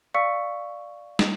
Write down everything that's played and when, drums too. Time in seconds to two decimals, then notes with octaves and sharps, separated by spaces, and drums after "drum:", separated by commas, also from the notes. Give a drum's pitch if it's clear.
0.14 D5 F5 C#6 E6 B6 C#7
1.19 drum: snare